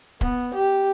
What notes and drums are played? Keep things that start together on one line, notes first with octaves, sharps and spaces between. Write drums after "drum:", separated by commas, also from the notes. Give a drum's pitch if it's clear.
B3, drum: kick
G4